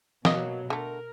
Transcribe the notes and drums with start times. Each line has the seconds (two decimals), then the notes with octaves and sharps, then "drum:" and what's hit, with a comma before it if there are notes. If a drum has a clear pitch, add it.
0.25 B2 F#3 A#3 D#5, drum: snare
0.70 D3 A3 A#4